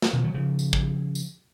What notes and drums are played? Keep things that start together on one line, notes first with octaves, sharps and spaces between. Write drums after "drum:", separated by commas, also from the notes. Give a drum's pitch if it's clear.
drum: snare
B2 D#3
D#3 F#3
C#3 F3
drum: tambourine
drum: kick
drum: tambourine